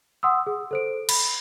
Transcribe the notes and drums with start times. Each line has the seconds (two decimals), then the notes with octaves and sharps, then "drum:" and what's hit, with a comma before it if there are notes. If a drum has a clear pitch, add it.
0.23 F#5 C6 D#6 E6
0.47 G#4
0.71 A4 C5 D7
1.09 B5, drum: cymbal